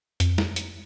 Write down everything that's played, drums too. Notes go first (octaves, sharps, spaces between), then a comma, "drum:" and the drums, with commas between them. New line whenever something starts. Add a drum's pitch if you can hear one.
F2, drum: hi-hat
drum: snare
drum: hi-hat